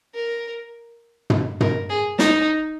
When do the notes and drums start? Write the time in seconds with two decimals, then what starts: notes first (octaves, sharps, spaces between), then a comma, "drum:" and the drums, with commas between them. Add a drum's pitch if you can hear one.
0.15 A#4
1.30 drum: tom
1.60 A#4, drum: tom
1.90 G#4
2.19 D#4, drum: snare